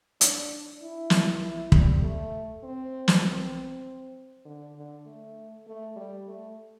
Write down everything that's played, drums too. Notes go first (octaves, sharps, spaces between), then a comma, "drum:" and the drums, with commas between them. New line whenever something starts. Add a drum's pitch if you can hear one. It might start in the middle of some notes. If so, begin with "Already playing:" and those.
D4, drum: hi-hat
E4
drum: snare
E4
G3, drum: kick
A3
C4
drum: snare
C4
D3
D3
A3
A3
G3
A3